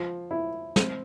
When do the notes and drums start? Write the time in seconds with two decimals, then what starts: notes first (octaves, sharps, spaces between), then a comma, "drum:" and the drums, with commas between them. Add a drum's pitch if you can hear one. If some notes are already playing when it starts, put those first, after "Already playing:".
Already playing: F3
0.31 E4
0.76 C4, drum: snare